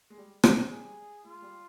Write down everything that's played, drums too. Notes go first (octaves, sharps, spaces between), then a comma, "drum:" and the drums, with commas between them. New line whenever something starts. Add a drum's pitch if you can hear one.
G#3
G3
G3, drum: rim click
G#3
G3 G#4
G#3 F4
G3